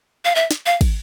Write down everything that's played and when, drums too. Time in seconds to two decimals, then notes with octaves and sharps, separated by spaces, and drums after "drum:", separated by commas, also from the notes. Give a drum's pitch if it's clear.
0.25 F5
0.35 E5
0.51 drum: snare
0.66 F5
0.81 drum: kick, cymbal